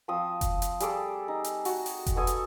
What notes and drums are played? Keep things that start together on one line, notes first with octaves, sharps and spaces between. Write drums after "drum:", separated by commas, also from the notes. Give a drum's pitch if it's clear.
F3 C4 D#6
drum: kick F1, hi-hat
drum: hi-hat
G3 G#4 A4 D6, drum: hi-hat
D#4
drum: hi-hat
F#4, drum: open hi-hat
drum: open hi-hat
drum: kick F1, hi-hat
B3 A4 G#5 D#6
drum: hi-hat